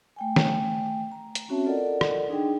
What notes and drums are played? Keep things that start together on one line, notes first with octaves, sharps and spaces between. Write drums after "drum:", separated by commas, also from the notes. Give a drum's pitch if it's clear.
A3 G5 G#5
drum: snare
A#5
drum: hi-hat
C4 C#4 F#4 C#5 E5 A5
F4 A4 A#4 D5 D#5 F#5
drum: rim click
D4 D#4 G#4 D#5 G5